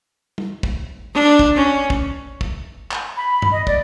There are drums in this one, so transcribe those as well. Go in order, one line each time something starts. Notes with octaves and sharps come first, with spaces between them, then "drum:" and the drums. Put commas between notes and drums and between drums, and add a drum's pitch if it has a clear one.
drum: tom
drum: kick
D4
drum: kick
C#4
drum: kick
drum: kick
drum: clap
B5
drum: tom G2
D#5
D5, drum: kick